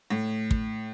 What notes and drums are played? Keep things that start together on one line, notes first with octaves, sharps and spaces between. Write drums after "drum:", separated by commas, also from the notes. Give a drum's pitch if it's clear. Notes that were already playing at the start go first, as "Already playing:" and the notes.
A2
drum: kick